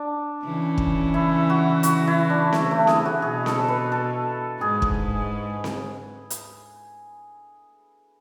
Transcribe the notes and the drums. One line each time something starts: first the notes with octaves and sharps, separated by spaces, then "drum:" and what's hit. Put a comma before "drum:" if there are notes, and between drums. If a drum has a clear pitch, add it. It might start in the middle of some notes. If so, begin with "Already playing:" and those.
Already playing: D4
C#3 E3
drum: kick
E4
F#4
F#4, drum: hi-hat
E4
D4
A3, drum: snare C4
A3
G#4, drum: snare C4
F#4
B2 G#4
A4, drum: snare C4
B4
A4
G#2 G#4
drum: kick
drum: snare C4
drum: hi-hat